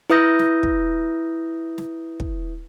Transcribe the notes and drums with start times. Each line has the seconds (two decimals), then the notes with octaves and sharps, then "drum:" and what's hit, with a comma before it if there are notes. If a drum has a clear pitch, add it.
0.10 E4 B4 E5 D#6 G6 A#6
0.39 drum: snare
0.63 drum: kick
1.78 drum: snare
2.20 drum: kick